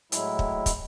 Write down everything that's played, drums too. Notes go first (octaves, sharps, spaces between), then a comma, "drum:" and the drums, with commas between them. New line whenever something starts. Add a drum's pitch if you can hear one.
A2 F#3 G#3 E4, drum: hi-hat
drum: kick
drum: kick, hi-hat